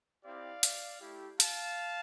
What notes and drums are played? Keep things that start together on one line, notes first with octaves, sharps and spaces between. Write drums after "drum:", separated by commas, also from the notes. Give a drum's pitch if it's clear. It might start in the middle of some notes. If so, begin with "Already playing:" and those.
C4 E4 G4 D5 F5
drum: hi-hat
A3 E4 G4
F5 A5, drum: hi-hat